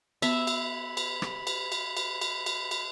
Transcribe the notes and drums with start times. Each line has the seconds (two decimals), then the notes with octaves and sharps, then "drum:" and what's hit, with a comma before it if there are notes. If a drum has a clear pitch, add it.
0.22 B3 E5 B5, drum: cymbal
0.47 drum: cymbal
0.97 drum: cymbal
1.22 drum: rim click
1.47 drum: cymbal
1.72 drum: cymbal
1.97 drum: cymbal
2.21 drum: cymbal
2.46 drum: cymbal
2.71 drum: cymbal